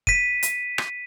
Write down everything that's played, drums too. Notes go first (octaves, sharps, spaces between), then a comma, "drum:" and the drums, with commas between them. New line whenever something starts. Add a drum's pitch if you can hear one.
B6 D#7, drum: kick
drum: hi-hat
drum: rim click